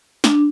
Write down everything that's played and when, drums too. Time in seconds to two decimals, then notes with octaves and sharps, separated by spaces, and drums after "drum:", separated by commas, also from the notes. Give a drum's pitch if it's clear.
0.24 D4, drum: snare